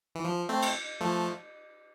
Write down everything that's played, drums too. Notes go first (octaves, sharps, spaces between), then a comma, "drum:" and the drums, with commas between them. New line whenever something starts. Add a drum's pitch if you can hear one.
E3
F3
A3 C4
drum: cymbal
F3 A3